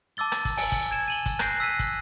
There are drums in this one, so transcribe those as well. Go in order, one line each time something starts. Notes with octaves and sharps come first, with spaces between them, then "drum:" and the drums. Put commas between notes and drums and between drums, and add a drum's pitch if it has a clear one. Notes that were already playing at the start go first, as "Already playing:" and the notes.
A5 D6 E6 A6 G7
drum: rim click
drum: kick, hi-hat
G#5, drum: open hi-hat
drum: kick, hi-hat
G#6 D7 E7
D#7 F#7 G7
drum: kick, hi-hat
F#6 G6 A#6 C7 D7, drum: rim click
E6 B6 D#7
drum: kick, hi-hat